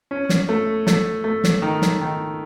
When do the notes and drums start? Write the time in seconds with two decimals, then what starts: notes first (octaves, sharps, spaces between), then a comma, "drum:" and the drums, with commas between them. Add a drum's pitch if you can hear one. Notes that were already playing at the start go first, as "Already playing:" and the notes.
0.11 C#4
0.29 drum: snare
0.49 A3
0.87 A3, drum: snare
1.24 A3
1.44 drum: snare
1.62 D#3
1.82 drum: snare
2.01 D#3